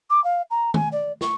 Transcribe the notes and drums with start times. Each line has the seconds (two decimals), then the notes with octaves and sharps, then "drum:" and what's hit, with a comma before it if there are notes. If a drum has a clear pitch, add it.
0.10 D6
0.24 F5
0.50 A#5
0.74 G#5, drum: tom
0.92 D5
1.21 C#6, drum: snare